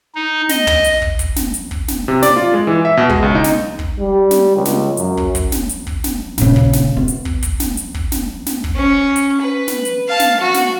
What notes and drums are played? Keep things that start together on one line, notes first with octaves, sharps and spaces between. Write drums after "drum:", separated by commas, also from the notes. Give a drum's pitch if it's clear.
D#4
D#5, drum: snare
drum: tom
drum: hi-hat
drum: kick
drum: kick, hi-hat
drum: snare
drum: hi-hat
drum: kick
drum: snare
C3
D5, drum: snare
F4
G#3
E3
E5
B2
G#3, drum: kick
C#2
D#4
drum: snare
drum: kick
G3
drum: snare
C#2
drum: snare
F#2, drum: hi-hat
drum: kick
drum: kick, hi-hat
drum: snare
drum: hi-hat
drum: kick
drum: snare
A#2 C#3, drum: snare
drum: kick
drum: snare
B3
drum: hi-hat
drum: kick
drum: kick, hi-hat
drum: snare
drum: hi-hat
drum: kick
drum: snare
drum: snare
drum: kick
C#4
drum: hi-hat
B4
drum: snare
drum: hi-hat
F5 A5
drum: snare
F#4
drum: snare